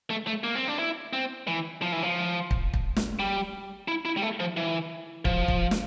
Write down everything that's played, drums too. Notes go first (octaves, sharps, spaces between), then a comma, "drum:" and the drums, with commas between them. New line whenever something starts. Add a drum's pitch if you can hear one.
A3
A3
A#3
C4
D4
E4
C4
E3
F3
E3
F3
drum: kick
drum: kick
drum: snare
G3
E4
E4
G3
A3
F3
E3
F3, drum: kick
drum: kick
drum: snare